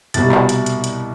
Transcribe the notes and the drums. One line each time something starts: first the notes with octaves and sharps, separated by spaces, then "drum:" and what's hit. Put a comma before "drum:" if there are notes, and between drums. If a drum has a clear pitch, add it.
C2 B2 G3 A6, drum: hi-hat
drum: clap
drum: hi-hat
drum: hi-hat
drum: hi-hat